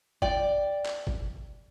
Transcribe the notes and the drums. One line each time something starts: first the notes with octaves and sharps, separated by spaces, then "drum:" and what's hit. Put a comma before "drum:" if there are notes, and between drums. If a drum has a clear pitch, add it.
D5 G5, drum: kick
drum: clap
drum: kick